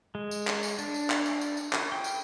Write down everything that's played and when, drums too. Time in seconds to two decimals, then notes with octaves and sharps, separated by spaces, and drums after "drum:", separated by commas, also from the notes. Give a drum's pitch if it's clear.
0.15 G#3
0.31 drum: tambourine
0.47 drum: clap
0.63 drum: tambourine
0.78 D4, drum: tambourine
0.94 drum: tambourine
1.10 drum: clap
1.26 drum: tambourine
1.41 drum: tambourine
1.57 drum: tambourine
1.73 drum: clap
1.92 G5
2.04 drum: tambourine